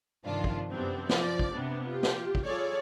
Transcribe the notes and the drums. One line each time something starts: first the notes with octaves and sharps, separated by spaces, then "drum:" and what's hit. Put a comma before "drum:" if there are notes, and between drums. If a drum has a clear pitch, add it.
G2 C3 D#3 F3 D4 F4
drum: kick
F#2 C3 G3 B3 C4 D4
F3 D5, drum: snare
drum: kick
C3 B3 C4 D4
F4 G4
drum: snare
drum: kick
G3 F4 G#4 A4 C#5 D5